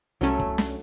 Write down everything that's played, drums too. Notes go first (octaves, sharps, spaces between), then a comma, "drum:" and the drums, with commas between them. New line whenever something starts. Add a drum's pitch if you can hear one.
C2 F#3 A3 C#4
drum: kick
drum: snare